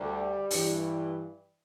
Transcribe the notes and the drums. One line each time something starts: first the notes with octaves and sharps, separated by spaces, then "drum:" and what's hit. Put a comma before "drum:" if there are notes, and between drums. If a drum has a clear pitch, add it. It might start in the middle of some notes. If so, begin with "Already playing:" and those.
Already playing: D2 D3 G3
G2 E3, drum: open hi-hat